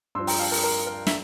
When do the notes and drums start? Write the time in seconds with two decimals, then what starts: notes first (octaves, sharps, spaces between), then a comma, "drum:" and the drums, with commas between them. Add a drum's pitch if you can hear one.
0.15 G2 F3 C6 E6
0.27 G5 A#5, drum: open hi-hat
0.39 F5 A5
0.51 A#4, drum: open hi-hat
0.63 A#4
0.87 A#4
1.07 E5, drum: snare